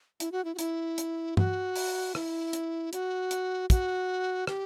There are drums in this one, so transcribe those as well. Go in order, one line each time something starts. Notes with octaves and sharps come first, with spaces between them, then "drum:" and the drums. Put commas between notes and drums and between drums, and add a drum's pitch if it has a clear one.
E4, drum: hi-hat
F#4
E4
F#4
E4, drum: hi-hat
drum: hi-hat
F#4, drum: tom
drum: open hi-hat
E4, drum: rim click
drum: hi-hat
F#4, drum: hi-hat
drum: hi-hat
F#4, drum: kick, hi-hat
G4, drum: rim click